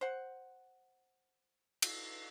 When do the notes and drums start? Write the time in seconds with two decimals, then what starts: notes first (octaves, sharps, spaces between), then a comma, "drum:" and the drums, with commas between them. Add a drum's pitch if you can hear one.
0.01 C5 F#5
1.82 drum: cymbal